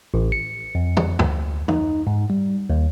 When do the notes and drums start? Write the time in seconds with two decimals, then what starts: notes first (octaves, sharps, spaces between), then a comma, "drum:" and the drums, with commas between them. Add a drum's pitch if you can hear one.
0.14 A1
0.32 C#7
0.75 F2
0.97 drum: tom
1.19 D2, drum: tom
1.68 D#4, drum: tom
2.07 G#2
2.30 G3
2.70 D#2